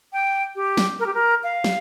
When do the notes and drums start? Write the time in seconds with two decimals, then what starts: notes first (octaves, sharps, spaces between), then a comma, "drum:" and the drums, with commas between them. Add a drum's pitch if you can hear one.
0.13 G5
0.55 G4
0.77 drum: snare
0.99 A#4
1.06 G4
1.14 A#4
1.43 F5
1.64 drum: snare